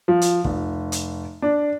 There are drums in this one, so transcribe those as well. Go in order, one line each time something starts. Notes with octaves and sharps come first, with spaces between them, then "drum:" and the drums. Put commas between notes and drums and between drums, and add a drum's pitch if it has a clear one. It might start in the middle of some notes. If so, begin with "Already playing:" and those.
F3
drum: hi-hat
F1, drum: kick
drum: hi-hat
D4